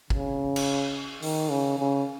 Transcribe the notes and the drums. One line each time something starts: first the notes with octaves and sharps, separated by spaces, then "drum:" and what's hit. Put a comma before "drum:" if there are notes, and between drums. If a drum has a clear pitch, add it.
C#3, drum: kick
drum: cymbal
D#3, drum: open hi-hat
C#3
C#3